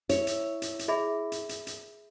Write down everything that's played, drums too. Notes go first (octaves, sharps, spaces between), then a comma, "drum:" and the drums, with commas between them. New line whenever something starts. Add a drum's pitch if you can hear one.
E4 C#5, drum: hi-hat
drum: hi-hat
drum: hi-hat
drum: hi-hat
G#4 E5 B5
drum: hi-hat
drum: hi-hat
drum: hi-hat